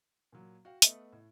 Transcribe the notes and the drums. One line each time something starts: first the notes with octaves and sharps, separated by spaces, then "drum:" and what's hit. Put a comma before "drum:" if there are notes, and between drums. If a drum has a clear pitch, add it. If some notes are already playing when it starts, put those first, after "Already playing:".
A#2 F#3
F#4 F5 G5
A3 B3 D#5 E5 F#5, drum: hi-hat
A2